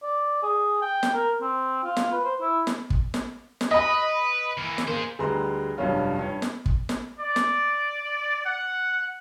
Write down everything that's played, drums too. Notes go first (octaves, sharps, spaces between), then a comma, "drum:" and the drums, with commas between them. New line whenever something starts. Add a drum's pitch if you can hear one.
D5
G#4
G5
drum: snare
A#4
C4
F4
drum: snare
B4
C5
E4
drum: snare
drum: kick
drum: snare
drum: snare
B4 D#5 B5
E3 A#3
drum: snare
A#3 G#4 C5
D2 G3 G#3 B4 A#5 C6
F1 G2 F#3 G3 C#4 F4
G2 C#4 C#5
drum: snare
drum: kick
drum: snare
D5
drum: snare
F#5